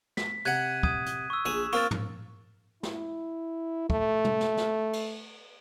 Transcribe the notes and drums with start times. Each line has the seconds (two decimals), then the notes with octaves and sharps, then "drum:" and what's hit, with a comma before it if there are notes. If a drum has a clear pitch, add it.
0.17 B6, drum: snare
0.45 C3 F#5 F#6 G#6 D#7
0.83 D#6 G#6 D#7, drum: kick
1.06 drum: hi-hat
1.30 C#6 E6
1.46 A#1 G#4 D#6 E7
1.73 A#3 C4 F4 C#6 F6 A6
1.91 drum: tom
2.83 E4, drum: snare
3.90 A3, drum: kick
4.25 drum: tom
4.41 drum: snare
4.57 drum: snare
4.93 drum: cymbal